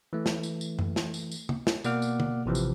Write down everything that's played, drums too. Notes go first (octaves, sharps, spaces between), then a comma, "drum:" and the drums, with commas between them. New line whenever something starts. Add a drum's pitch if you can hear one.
E3 A3
drum: snare
drum: tambourine
drum: tambourine
drum: tom F#2
drum: snare
drum: tambourine
drum: tambourine
drum: tom
drum: snare
B2 A#3 D5 F#5 D6 F6, drum: tambourine
drum: tambourine
drum: tom
A1 C3 E3 F3
drum: tambourine